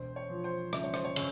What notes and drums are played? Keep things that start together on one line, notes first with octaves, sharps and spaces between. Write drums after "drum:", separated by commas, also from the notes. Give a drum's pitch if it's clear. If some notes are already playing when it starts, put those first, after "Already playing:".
Already playing: E1 C5
C#5
F3
C5
C#3 E5, drum: rim click
C#5
C5, drum: rim click
C#5
C#3 C#5, drum: cymbal